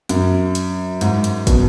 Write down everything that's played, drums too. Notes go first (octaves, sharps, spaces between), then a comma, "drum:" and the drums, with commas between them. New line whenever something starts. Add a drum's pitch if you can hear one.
F#2, drum: hi-hat
drum: hi-hat
G#2, drum: hi-hat
drum: hi-hat
B2, drum: kick, hi-hat